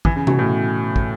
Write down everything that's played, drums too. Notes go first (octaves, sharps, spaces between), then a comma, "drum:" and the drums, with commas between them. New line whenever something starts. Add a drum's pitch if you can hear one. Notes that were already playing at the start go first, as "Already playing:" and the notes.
E3, drum: kick
C#3
B2, drum: tom C3
A2
drum: kick